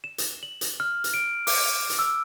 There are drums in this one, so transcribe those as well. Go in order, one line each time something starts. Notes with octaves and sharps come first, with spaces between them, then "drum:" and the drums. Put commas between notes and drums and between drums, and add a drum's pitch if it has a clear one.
E7
drum: hi-hat
F#7
drum: hi-hat
F6
drum: hi-hat
D7
D6, drum: open hi-hat
drum: hi-hat
E6